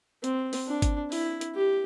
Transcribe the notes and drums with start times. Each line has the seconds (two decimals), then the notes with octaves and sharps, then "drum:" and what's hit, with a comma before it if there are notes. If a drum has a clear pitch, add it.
0.24 C4, drum: hi-hat
0.53 drum: open hi-hat
0.68 D4
0.82 drum: kick G#1, hi-hat
1.12 E4, drum: open hi-hat
1.41 drum: hi-hat
1.56 G4